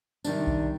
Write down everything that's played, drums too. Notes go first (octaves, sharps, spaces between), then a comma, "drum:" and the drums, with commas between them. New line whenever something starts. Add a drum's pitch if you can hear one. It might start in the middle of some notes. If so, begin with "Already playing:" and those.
C3 D#3 G3 D4, drum: tambourine
drum: kick B1